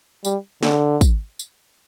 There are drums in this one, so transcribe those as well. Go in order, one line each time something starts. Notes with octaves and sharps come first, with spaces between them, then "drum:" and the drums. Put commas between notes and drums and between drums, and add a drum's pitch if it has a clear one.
G3, drum: tambourine
D3, drum: snare
drum: kick, tambourine
drum: tambourine